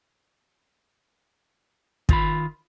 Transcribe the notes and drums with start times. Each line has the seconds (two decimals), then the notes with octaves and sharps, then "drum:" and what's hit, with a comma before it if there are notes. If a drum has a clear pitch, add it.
2.09 D#3 F4 B5, drum: kick